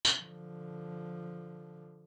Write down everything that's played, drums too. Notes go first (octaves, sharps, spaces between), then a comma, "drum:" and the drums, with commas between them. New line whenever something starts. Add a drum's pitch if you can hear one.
drum: tambourine
D3 F3